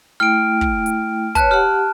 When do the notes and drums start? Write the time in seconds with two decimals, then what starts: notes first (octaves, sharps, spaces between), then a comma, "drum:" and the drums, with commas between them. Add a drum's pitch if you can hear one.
0.20 A3 E4 G5 F6 D7
0.61 drum: kick
0.86 drum: hi-hat
1.35 B4 C#5 A5 F#6, drum: kick, hi-hat
1.51 G4 F#5 F6